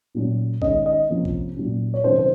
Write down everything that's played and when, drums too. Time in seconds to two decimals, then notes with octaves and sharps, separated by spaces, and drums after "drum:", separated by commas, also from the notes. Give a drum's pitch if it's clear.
0.15 A#2 F#3 C#4
0.62 D#3 G#3 C#4 D#5, drum: kick
0.86 D#5
1.09 C3 F3 A#3 C#4
1.25 drum: kick
1.57 A#2 F#3 C#4
1.94 C#5
2.04 C3 D#3 F#3 C#4 C5
2.19 C5